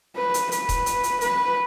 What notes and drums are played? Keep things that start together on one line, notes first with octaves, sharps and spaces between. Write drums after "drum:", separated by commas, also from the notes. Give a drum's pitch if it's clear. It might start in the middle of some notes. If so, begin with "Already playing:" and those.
B4
drum: hi-hat
B4, drum: hi-hat
drum: kick D#1, hi-hat
drum: hi-hat
drum: hi-hat
B4, drum: hi-hat